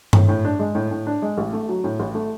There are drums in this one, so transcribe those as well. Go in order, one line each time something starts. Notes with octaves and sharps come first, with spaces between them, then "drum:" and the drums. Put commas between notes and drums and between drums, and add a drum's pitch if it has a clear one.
A2, drum: tom G2
A2
D4
G#3
A2
A2
D4
G#3
A1
A3
F#3
A2
A1
A3